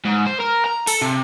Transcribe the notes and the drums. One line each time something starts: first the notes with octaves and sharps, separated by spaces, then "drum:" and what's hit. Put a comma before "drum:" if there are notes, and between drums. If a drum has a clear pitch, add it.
G#2
C5
A#4
A#5
A4, drum: open hi-hat
C3